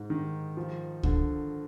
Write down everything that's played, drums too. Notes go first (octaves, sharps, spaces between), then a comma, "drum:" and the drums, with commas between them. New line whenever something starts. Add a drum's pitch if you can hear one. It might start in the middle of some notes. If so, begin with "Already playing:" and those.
Already playing: G#2
D#3
F3
D3, drum: kick C#2